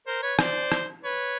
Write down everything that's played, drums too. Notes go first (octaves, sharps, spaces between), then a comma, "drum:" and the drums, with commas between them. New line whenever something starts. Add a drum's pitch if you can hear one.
A#4 C5
B4 C#5
C5 D5, drum: rim click
drum: rim click
B4 C#5